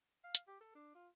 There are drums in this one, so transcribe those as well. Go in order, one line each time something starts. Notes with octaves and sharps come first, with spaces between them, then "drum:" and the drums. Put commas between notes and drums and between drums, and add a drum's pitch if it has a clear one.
F5
drum: hi-hat
G4
A4
D4
F4